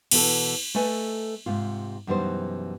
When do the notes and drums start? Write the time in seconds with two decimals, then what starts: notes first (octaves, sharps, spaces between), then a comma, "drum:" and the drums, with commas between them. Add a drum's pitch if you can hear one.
0.11 B2 E3 E4 A4, drum: cymbal
0.75 A3 A4 B4 D#5 G#5
1.46 G#2 C3 F4
2.07 F#2 B2 E3 G3 D#4 C5